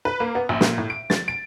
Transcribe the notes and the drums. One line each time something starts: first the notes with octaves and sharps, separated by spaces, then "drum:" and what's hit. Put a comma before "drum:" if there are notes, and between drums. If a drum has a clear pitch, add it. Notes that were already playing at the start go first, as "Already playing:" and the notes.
B4
A#3
B3
A#1
A#2, drum: snare
A2
D7
A6, drum: snare
D7